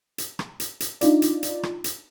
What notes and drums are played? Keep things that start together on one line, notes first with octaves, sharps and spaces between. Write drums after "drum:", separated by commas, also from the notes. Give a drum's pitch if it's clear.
drum: hi-hat
drum: rim click
drum: hi-hat
drum: hi-hat
D4 D#4 F4 D5, drum: hi-hat
drum: hi-hat
drum: hi-hat
drum: rim click
drum: hi-hat